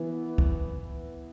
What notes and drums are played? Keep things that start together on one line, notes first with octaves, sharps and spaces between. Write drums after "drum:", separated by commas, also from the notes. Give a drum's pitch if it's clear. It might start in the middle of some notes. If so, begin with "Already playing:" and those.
Already playing: E3 B3 E4
drum: kick